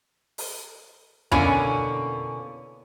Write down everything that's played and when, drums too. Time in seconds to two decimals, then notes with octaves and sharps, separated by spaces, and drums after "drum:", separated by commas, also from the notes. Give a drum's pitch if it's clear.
0.38 drum: open hi-hat
1.31 B2 D3 A#3 C#4 E4 G#5, drum: tom F2